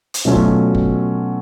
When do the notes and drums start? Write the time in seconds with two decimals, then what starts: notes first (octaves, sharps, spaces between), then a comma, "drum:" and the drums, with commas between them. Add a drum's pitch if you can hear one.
0.14 drum: hi-hat
0.25 B2 F#3 A3 C#4 F4
0.36 drum: kick F#1
0.75 drum: kick F#1